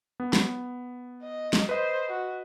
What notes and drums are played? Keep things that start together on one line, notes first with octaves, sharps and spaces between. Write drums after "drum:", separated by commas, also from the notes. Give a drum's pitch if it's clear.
B3
drum: snare
D#5
drum: snare
B4 C5 D#5
F#4